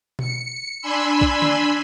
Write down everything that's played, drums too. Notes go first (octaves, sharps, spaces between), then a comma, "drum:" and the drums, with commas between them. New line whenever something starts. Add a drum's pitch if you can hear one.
C#7, drum: tom B2
D4 G#5 B5 C6 E6
drum: kick
drum: tom